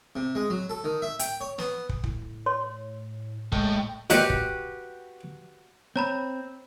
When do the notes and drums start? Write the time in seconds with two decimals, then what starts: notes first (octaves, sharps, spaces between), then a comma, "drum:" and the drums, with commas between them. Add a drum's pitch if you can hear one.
0.16 C3
0.35 G#3
0.50 F#3
0.70 A4
0.84 D#3
1.02 E5
1.19 G5, drum: hi-hat
1.41 C#5
1.58 B3, drum: snare
1.89 drum: kick
2.04 A2, drum: kick
2.46 C#5 C6
3.52 A2 G#3, drum: kick
4.10 A#2 D#3 C4 F#4 G4 B4, drum: hi-hat
4.30 drum: kick
5.96 C4 C#5 A#5 B5